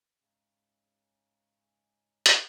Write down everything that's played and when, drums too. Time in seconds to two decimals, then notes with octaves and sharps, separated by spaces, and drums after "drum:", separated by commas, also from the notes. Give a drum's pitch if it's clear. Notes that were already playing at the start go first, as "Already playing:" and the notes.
0.18 G#2 C#3
2.26 drum: hi-hat